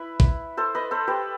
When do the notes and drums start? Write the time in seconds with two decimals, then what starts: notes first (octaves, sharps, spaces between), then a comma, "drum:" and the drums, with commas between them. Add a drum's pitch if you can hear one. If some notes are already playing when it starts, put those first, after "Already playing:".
Already playing: E4 B4
0.20 drum: kick
0.57 A4 C5
0.75 B4 D#5
0.91 A4 C5
1.07 G4 B4